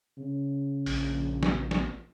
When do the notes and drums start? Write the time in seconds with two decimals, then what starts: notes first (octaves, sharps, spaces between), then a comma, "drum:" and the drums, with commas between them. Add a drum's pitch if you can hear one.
0.18 C#3
0.86 A#1, drum: open hi-hat
1.43 drum: snare
1.71 drum: snare